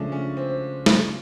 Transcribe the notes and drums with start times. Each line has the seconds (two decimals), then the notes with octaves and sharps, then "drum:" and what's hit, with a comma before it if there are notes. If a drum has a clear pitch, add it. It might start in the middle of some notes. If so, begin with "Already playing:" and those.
Already playing: C#3 F3 G#3 A3 C#4 D4
0.12 C#4
0.37 C4
0.86 drum: snare